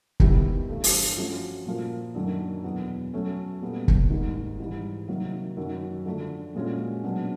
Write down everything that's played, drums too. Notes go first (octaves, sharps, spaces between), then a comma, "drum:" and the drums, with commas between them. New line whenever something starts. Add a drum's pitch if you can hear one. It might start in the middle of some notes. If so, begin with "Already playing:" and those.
D#3 G3 B3 E4 G4, drum: kick
G2 E3 A3
drum: open hi-hat
F3 A3 C#4 F#4
A#2 F3 A#3
F#2 D#3 F#3 A3 D4
E2 B2 F#3 B3
F#3 A3 C#4
A#2 G3 B3
drum: kick
G#2 D#3 G3
G#2 E3 G3
C3 D#3 F#3 A#3
F#2 D#3 F#3
D3 F3 A3 D4
A#2 F3 G#3 C#4 F#4
B2 F#3 B3 D4